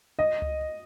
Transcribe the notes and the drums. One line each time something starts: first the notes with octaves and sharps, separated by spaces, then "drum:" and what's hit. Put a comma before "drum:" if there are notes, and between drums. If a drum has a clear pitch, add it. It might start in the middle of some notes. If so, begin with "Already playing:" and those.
D#5
drum: tom C#2